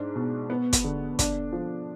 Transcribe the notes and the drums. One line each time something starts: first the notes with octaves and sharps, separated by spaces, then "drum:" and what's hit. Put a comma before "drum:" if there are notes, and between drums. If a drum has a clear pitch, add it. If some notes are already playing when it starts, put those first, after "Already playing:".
Already playing: G#2 D4
B2
B3
drum: kick, hi-hat
D3
D4, drum: kick, hi-hat
F3